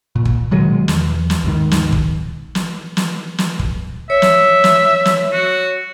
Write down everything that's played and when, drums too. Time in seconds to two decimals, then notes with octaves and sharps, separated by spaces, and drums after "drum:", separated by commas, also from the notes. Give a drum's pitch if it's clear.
0.16 A#2
0.25 drum: kick
0.51 B2 D#3 F#3 G#3
0.88 E2, drum: snare
1.30 drum: snare
1.44 D#2 G#2 D#3
1.71 drum: snare
1.92 drum: kick
2.55 drum: snare
2.97 drum: snare
3.38 drum: snare
3.59 drum: kick
4.10 C#5 E5
4.22 drum: snare
4.64 drum: snare
5.05 drum: snare
5.32 F#4